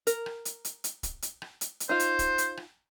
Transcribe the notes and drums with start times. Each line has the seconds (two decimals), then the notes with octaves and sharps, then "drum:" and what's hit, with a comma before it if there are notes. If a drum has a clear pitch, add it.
0.07 A#4, drum: hi-hat
0.26 drum: rim click
0.45 drum: hi-hat
0.65 drum: hi-hat
0.84 drum: hi-hat
1.03 drum: kick, hi-hat
1.22 drum: hi-hat
1.42 drum: rim click
1.61 drum: hi-hat
1.80 drum: hi-hat
1.89 D#4 F4 C5
2.00 drum: hi-hat
2.19 drum: kick, hi-hat
2.38 drum: hi-hat
2.57 drum: rim click